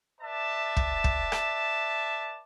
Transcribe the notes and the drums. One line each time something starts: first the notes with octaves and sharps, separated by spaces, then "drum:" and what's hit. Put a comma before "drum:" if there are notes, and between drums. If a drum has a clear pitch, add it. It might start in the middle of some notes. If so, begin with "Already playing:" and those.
B4 D5 E5 A5
drum: kick
drum: kick
drum: rim click